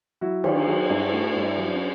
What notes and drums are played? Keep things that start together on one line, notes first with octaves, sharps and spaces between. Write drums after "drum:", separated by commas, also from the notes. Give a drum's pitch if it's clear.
F#3 E4 F#4
D#3 F4 G4, drum: cymbal
F#3 F#4 G#4
G2 D4 E4
A3 E4 F#4
G2
D4 E4
F#3
C#4